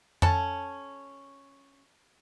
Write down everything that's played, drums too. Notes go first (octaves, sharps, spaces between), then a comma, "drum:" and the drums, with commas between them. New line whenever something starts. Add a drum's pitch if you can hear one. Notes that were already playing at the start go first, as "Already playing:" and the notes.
C#4 A4 A5, drum: tom F2